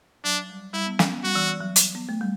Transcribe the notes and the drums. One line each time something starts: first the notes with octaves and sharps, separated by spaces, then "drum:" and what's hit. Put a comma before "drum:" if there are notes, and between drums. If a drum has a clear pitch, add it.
F#3 D4
G3
G3 E4
B3
C#4, drum: snare
B3
G3 F#4
E3
E3
F#3
drum: hi-hat
B3
A3
G3